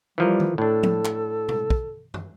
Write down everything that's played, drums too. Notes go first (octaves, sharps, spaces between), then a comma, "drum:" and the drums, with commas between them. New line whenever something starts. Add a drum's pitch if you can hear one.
E3 F3 G3 A#4
drum: tom D#3
A2 D4 A4
drum: tom F3
drum: clap
drum: tom
drum: kick
drum: tom